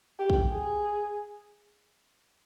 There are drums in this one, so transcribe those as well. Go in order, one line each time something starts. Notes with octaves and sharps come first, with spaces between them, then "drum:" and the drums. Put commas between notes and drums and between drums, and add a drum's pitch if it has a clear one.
G4
drum: kick
G#4